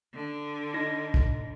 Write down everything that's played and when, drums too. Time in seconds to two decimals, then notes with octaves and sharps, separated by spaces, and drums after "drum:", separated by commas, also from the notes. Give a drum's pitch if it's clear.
0.14 D3
0.74 D#4 A#6
1.14 drum: kick